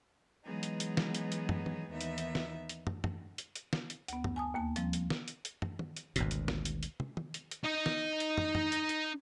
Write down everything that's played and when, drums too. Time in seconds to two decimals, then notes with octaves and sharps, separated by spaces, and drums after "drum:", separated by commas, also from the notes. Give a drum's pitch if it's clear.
0.44 E3 F#3 G#3 B3 D#4 G#4
0.63 drum: hi-hat
0.80 drum: hi-hat
0.97 drum: snare
1.15 drum: hi-hat
1.32 drum: hi-hat
1.49 drum: tom
1.66 drum: tom D#3
1.90 D#2 E3 B3 D#4 E5
2.01 drum: hi-hat
2.18 drum: hi-hat
2.35 drum: snare
2.69 drum: hi-hat
2.87 drum: tom
3.04 drum: tom
3.38 drum: hi-hat
3.56 drum: hi-hat
3.73 drum: snare
3.90 drum: hi-hat
4.08 D2 B3, drum: hi-hat
4.24 drum: tom
4.36 G#5 A5 D#6
4.54 D#2 A#3 A5
4.76 F3 G3 C4, drum: hi-hat
4.93 drum: hi-hat
5.10 drum: snare
5.28 drum: hi-hat
5.45 drum: hi-hat
5.62 drum: tom
5.79 drum: tom D#3
5.97 drum: hi-hat
6.16 G#1 D2 B2, drum: hi-hat
6.31 drum: hi-hat
6.48 drum: snare
6.65 drum: hi-hat
6.83 drum: hi-hat
7.00 drum: tom
7.17 drum: tom D#3
7.34 drum: hi-hat
7.51 drum: hi-hat
7.64 D#4 D#5
7.86 drum: snare
8.20 drum: hi-hat
8.38 drum: tom
8.55 drum: tom
8.72 drum: hi-hat
8.89 drum: hi-hat